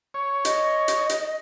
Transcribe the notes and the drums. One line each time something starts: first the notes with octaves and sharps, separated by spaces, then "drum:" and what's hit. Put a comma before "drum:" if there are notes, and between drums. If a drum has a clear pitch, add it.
C#5
D#5, drum: hi-hat
drum: hi-hat
drum: hi-hat